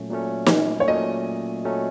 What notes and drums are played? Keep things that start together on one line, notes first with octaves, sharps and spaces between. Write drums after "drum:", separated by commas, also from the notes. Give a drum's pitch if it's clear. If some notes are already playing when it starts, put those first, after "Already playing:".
Already playing: A#2 F#3 A3 C#4
A#2 F#3 A3 C#4
drum: snare
C#5
A#2 F#3 A3 C#4 D#5
A#2 F#3 A3 C#4